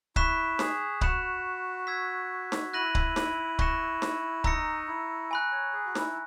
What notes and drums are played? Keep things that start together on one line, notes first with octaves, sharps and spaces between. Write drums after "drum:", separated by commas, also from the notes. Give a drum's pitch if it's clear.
E4 C#6 F#6 B6 E7, drum: kick C#1
G#4, drum: snare
F#4 B5 F#6 C#7 E7, drum: kick C#1
E6 G#6 B6
drum: snare
E4 F#6 A#6 D#7 F#7
drum: kick C#1
drum: snare
C#6 F#6 A#6 C#7 E7, drum: kick C#1
drum: snare
D#4 A#5 E6 A#6 C#7, drum: kick C#1
E4
G#5 B5 F#6
C#5
G#4
F#4
E4, drum: snare